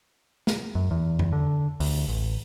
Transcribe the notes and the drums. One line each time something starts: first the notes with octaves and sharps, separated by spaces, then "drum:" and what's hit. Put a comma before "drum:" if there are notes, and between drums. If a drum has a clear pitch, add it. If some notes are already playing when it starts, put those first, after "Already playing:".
drum: snare
F#2
E2
drum: tom F2
D3
D2, drum: open hi-hat
A1